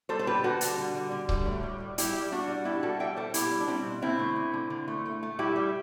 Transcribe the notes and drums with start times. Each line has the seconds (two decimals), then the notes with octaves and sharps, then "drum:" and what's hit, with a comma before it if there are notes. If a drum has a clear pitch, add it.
0.09 G3 A4 C5
0.19 C5
0.27 D3 G4 B4
0.43 D3 F#4 A4
0.61 G3, drum: hi-hat
0.77 D3
0.95 G3
1.11 D3
1.29 G3, drum: kick C#1
1.46 A2
1.63 G3
1.80 G3
1.98 G3 E4 G4, drum: hi-hat
2.14 G3
2.32 G3 D4 F#4
2.48 G3
2.65 G3 E4 G4
2.82 G3 F#4 A4
3.00 G3 E5 G5
3.17 G3 A4 C5
3.34 B2 E4 G4, drum: hi-hat
3.51 G3
3.60 D4
3.68 G3 C4 E4
3.85 B2
4.02 D3 C4 E4
4.19 A3
4.36 D3
4.54 D3
4.70 D3
4.88 A3
5.06 A3
5.23 A3
5.39 G3 E4 G4
5.56 G3